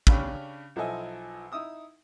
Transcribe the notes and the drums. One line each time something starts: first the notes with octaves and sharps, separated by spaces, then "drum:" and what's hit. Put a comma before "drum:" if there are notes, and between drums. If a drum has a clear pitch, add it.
C#3 C#4 D4 G4 B5, drum: kick
B1 F3 E4 A4 D#5 G#5
D#4 E4 D#6 E6